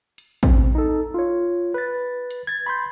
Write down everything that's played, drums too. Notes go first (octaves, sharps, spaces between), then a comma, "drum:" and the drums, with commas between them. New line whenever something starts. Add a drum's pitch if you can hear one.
drum: hi-hat
C4, drum: kick A1
D#4 A4
F4 C#5
B4 A6
drum: hi-hat
G#6 A6
B5 C6 G6